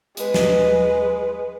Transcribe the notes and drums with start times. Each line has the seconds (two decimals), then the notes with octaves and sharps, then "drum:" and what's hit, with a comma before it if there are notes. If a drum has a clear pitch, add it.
0.17 G#3 B4, drum: hi-hat
0.34 drum: snare